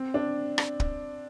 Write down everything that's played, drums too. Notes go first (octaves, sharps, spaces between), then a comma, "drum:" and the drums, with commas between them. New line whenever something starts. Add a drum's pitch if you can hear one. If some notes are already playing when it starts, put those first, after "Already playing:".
Already playing: C4
D4
drum: rim click
drum: kick